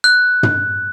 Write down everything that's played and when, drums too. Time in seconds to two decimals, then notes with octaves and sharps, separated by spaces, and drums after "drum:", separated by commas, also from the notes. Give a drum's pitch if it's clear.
0.04 F#6
0.43 drum: tom